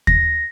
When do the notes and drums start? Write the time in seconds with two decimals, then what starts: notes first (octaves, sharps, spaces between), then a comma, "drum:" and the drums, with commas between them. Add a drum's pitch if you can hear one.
0.07 A#6, drum: kick D#2